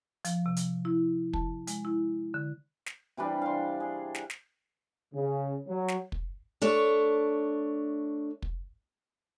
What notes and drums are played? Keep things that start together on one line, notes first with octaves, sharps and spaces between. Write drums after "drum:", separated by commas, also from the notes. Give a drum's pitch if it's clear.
F3, drum: hi-hat
C3
drum: hi-hat
E4
A5, drum: kick
G#3, drum: hi-hat
E4
D3
drum: snare
C3 E3 G3 D4
F5 C6
G#4
drum: snare
drum: snare
C#3
F#3
drum: snare
drum: kick
A3 D4 C#5
drum: kick